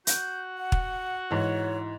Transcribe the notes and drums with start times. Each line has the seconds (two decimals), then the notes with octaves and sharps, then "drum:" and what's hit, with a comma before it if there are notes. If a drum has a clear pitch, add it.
0.07 F#4 G6, drum: hi-hat
0.58 F#5
0.72 drum: kick
1.31 G#2 E3 C#5